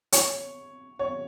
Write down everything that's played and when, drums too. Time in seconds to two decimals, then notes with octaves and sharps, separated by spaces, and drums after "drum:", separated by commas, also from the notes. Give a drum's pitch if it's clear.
0.12 C#5, drum: hi-hat
0.99 C#5